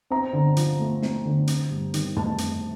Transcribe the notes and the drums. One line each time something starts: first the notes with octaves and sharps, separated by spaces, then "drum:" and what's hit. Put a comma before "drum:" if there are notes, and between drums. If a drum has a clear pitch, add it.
C4 A#5
D3
F3, drum: hi-hat
A3
C4, drum: snare
D3
C4, drum: hi-hat
G2
D#3, drum: hi-hat
A3 A5, drum: tom
C4, drum: hi-hat